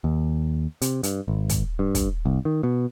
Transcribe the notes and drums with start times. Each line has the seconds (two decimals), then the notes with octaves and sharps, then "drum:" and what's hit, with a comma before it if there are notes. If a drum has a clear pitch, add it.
0.04 D#2
0.82 C3, drum: hi-hat
1.03 G2, drum: hi-hat
1.28 G#1
1.49 drum: kick, hi-hat
1.79 G2
1.95 drum: kick, hi-hat
2.26 C2
2.45 D#3
2.63 B2